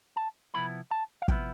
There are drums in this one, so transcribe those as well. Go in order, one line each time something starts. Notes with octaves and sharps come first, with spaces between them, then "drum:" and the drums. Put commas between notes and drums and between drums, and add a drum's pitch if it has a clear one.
A5
C3 F3 B3 E4 B5
A5
F5
C3 F3 B3 E4 G5, drum: kick